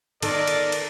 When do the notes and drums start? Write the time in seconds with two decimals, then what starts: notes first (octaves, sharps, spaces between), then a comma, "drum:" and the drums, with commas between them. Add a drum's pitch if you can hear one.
0.22 D#3 B3 A4 A#4 D5, drum: cymbal
0.47 drum: cymbal
0.72 drum: cymbal